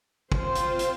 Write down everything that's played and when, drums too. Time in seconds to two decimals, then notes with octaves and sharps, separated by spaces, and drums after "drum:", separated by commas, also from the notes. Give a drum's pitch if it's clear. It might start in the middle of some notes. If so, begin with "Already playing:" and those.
0.32 C4 F4 C5, drum: kick
0.55 drum: hi-hat
0.79 drum: hi-hat